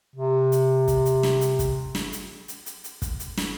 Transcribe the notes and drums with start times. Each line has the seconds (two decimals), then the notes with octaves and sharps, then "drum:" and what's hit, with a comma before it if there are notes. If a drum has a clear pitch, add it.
0.16 C3
0.52 drum: hi-hat
0.88 drum: kick, hi-hat
1.05 drum: hi-hat
1.23 drum: snare
1.41 drum: hi-hat
1.59 drum: kick, hi-hat
1.95 drum: snare
2.12 drum: hi-hat
2.48 drum: hi-hat
2.66 drum: hi-hat
2.84 drum: hi-hat
3.02 drum: kick, hi-hat
3.20 drum: hi-hat
3.37 drum: snare